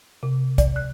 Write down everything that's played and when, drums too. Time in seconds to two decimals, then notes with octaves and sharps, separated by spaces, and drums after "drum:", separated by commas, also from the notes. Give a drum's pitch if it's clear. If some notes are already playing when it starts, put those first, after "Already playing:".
0.23 C3
0.58 D5, drum: kick, hi-hat
0.76 F#6